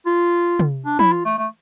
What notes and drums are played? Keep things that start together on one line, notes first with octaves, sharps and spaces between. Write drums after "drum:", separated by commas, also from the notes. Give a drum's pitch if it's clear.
F4
drum: tom
D4
E4, drum: tom
F4
A3
A3